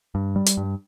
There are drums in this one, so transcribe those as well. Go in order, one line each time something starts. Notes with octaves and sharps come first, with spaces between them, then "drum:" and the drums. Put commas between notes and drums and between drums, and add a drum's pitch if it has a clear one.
G2
G3
drum: hi-hat
G2